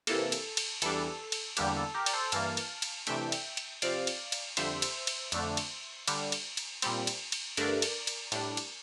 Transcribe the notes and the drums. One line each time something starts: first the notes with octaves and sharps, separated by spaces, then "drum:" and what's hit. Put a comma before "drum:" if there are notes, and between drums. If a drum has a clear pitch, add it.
C3 E3 A#3 A4, drum: cymbal
drum: cymbal
drum: cymbal
E2 E3 G3 D4 A4, drum: cymbal
drum: cymbal
E2 D3 G3 A#3 D4 G4, drum: cymbal
A4
G4 A#4
D5, drum: cymbal
A4 C5
G2 E3 A#3 F5 A5, drum: cymbal
drum: cymbal
drum: cymbal
C3 E3 A3 D4 E5 G5, drum: cymbal
drum: cymbal
drum: cymbal
C3 F3 C4 D5 F5, drum: cymbal
drum: cymbal
drum: cymbal
F2 D3 G3 C5 E5, drum: cymbal
drum: cymbal
drum: cymbal
F2 D3 A3 D4, drum: cymbal
drum: cymbal
D3 G3 D4, drum: cymbal
drum: cymbal
drum: cymbal
A#2 G3 C4, drum: cymbal
drum: cymbal
drum: cymbal
G2 D3 A3 D4 A#4 D5, drum: cymbal
drum: cymbal
drum: cymbal
A2 G3 D4, drum: cymbal
drum: cymbal